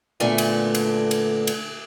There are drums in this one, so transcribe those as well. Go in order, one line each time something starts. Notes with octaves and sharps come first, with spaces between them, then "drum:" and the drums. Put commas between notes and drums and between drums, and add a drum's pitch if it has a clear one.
D2 A#2 D3 A3 B3 G#5
drum: cymbal
drum: cymbal
drum: cymbal
drum: cymbal